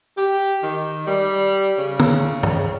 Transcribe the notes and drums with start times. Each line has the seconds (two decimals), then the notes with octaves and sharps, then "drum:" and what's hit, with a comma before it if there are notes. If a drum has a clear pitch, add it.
0.17 G4
0.62 D#3
1.07 G3
1.78 C#3
1.99 drum: tom
2.43 drum: tom G2